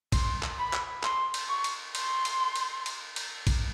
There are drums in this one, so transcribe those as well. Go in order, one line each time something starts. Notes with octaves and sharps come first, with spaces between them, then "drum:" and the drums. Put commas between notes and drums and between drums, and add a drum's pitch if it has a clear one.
C6, drum: kick, cymbal
drum: clap
B5
drum: clap
C6, drum: clap
drum: cymbal
C#6
drum: cymbal
C6, drum: cymbal
drum: cymbal
drum: cymbal
drum: cymbal
drum: cymbal
drum: kick, cymbal